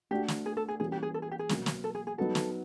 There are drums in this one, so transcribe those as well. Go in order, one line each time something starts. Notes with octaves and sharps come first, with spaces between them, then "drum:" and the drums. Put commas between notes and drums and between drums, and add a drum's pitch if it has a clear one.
A3 D4 F#4 G4
drum: snare
G#4
A4
G#4
E3 G3 A#3 C#4 F#4 G#4
G4
G#4
A4
G#4
G4
G#4
B2 F#3 A#3, drum: snare
drum: snare
A4
G#4
G#4
F#3 B3 D#4 F#4 A4
drum: snare